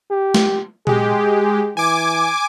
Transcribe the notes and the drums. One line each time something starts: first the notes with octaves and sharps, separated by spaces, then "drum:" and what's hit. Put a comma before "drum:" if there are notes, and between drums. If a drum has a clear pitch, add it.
G4
drum: snare
G#3 G4 G#4, drum: tom A#2
E3 G#5 D6